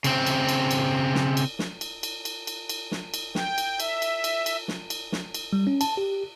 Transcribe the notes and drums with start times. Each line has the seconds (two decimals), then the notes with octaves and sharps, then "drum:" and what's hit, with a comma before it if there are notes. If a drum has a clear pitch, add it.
0.04 C#3 C4, drum: cymbal
0.27 drum: cymbal
0.49 drum: cymbal
0.71 drum: cymbal
1.15 drum: snare
1.37 drum: cymbal
1.59 drum: snare
1.81 drum: cymbal
2.03 drum: cymbal
2.25 drum: cymbal
2.47 drum: cymbal
2.69 drum: cymbal
2.92 drum: snare
3.14 drum: cymbal
3.35 G5, drum: snare
3.58 drum: cymbal
3.80 E5, drum: cymbal
4.02 drum: cymbal
4.24 drum: cymbal
4.46 drum: cymbal
4.68 drum: snare
4.90 drum: cymbal
5.12 drum: snare
5.34 drum: cymbal
5.53 G3
5.67 C#4
5.81 A5, drum: cymbal
5.97 G4